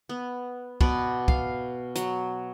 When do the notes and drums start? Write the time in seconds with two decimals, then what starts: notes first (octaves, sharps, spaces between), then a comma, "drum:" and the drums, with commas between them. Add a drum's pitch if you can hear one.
0.09 B3
0.81 B2 B3 B4 D5, drum: kick
1.28 F5, drum: kick
1.96 F#3, drum: hi-hat